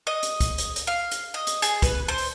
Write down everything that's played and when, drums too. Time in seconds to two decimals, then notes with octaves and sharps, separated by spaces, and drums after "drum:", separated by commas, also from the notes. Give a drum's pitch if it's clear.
0.07 D#5
0.23 drum: hi-hat
0.40 drum: kick, hi-hat
0.58 drum: hi-hat
0.76 drum: hi-hat
0.87 F5
1.11 drum: hi-hat
1.34 D#5
1.47 drum: hi-hat
1.62 G#4, drum: hi-hat
1.82 B4, drum: kick, hi-hat
2.08 C5
2.18 drum: open hi-hat